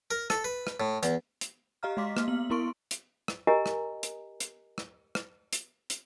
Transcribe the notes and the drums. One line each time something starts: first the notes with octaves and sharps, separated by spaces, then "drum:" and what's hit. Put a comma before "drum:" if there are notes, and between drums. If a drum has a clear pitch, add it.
A#4
A4, drum: rim click
B4
drum: rim click
A2
E2, drum: hi-hat
drum: hi-hat
G4 D#5 F5 A#5 F6
G#3 F5 C6 D6 B6
A#3 F6, drum: rim click
B3 F#7
B3 E4 A#4 C6 C#6 D7
drum: hi-hat
drum: rim click
G4 A#4 D#5 G#5 A#5
drum: rim click
drum: hi-hat
drum: hi-hat
drum: rim click
drum: rim click
drum: hi-hat
drum: hi-hat